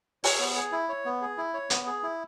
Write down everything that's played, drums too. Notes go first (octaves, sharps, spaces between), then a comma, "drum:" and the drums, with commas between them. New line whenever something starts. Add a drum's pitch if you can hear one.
C#5, drum: open hi-hat
B3
G#4
E4
C#5
B3
G#4
E4
C#5
B3, drum: hi-hat
G#4
E4